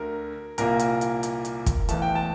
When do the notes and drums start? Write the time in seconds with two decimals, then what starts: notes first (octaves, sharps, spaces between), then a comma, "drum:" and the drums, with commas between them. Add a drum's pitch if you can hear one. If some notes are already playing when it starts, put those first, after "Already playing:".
Already playing: D2 D3 A3 A#4
0.58 C2 A#2 G3 A#3 A#4, drum: hi-hat
0.79 drum: hi-hat
1.01 drum: hi-hat
1.23 drum: hi-hat
1.45 drum: hi-hat
1.66 drum: kick, hi-hat
1.89 E1 E2 E3 A3 A5, drum: hi-hat
2.02 G5
2.15 A5